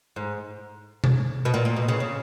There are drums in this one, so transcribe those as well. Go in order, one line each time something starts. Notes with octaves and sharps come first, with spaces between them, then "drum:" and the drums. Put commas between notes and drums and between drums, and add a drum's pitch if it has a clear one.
G#2
drum: tom B2
B2
A#2
A#2
B2
C#3
C#3